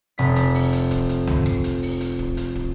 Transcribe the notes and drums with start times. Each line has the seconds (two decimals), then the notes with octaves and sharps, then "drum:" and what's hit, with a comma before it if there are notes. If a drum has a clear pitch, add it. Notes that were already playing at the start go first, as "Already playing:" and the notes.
0.18 F1 B6
0.36 drum: hi-hat
0.54 drum: open hi-hat
0.73 drum: hi-hat
0.91 drum: kick, hi-hat
1.09 drum: hi-hat
1.27 drum: tom C2
1.46 drum: rim click
1.64 drum: hi-hat
1.82 drum: open hi-hat
2.01 drum: hi-hat
2.19 drum: kick
2.37 drum: hi-hat
2.55 drum: kick